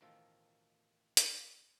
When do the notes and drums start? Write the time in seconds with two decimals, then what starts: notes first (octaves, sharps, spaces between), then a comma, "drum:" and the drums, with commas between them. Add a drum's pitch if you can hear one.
0.01 A1 B2 D#3 F3 F4 A4
1.17 drum: hi-hat